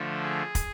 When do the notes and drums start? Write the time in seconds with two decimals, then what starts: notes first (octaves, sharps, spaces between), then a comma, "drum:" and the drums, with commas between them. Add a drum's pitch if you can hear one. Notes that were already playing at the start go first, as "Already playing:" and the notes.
Already playing: D3 F3 A3
0.23 G#4
0.55 drum: kick, hi-hat